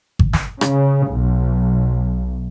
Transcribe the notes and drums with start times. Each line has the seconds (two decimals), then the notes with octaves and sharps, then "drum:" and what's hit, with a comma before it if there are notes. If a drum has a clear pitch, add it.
0.19 drum: kick G#1
0.33 drum: snare
0.61 C#3, drum: rim click
1.13 B1